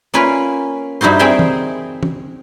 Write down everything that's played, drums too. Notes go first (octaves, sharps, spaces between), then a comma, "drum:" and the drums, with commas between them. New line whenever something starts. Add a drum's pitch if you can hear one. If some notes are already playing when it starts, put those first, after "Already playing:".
A#3 C#4 F4 B4
G2 D#4 E4 F#4 C5
C4 D#4 G#4 A#4 E5 G5
drum: tom
drum: tom